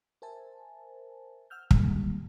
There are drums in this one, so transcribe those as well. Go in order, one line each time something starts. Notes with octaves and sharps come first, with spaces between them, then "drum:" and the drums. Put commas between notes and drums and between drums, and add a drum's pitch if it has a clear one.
A#4 C5 E5 G#5 A5
F#5 E6 F6 G6
D3 D#3 G3 G#3 A#3, drum: kick